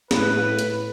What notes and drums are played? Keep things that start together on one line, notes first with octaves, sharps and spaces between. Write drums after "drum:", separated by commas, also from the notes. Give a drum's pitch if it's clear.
A2 B4, drum: snare
drum: hi-hat